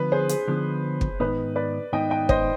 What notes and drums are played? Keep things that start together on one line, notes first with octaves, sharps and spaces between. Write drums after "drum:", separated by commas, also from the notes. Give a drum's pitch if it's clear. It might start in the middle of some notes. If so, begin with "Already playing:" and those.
Already playing: D3 F3 B3 B4
G#4 C5
G#4, drum: hi-hat
D3 F3 B3
drum: kick
G#2 D#3 B3 D#4 B4
B4 D5
G#2 D#3 B3 D#4 D#5 G5
D#5 G5
C5 D#5, drum: kick